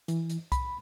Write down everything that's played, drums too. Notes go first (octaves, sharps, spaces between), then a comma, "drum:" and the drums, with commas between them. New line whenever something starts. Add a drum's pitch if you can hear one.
E3, drum: hi-hat
drum: hi-hat
B5, drum: kick C2, hi-hat